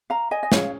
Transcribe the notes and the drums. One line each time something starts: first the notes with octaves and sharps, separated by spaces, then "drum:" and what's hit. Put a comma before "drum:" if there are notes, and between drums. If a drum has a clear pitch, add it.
F5 A#5
D#5 G#5
D#5
C#4 G#4 C#5 F5, drum: snare